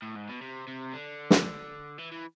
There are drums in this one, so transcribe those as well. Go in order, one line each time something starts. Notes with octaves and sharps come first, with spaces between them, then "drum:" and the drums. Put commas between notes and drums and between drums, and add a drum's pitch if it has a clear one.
A2
G#2
B2
C3
C3
D3
drum: snare
E3
E3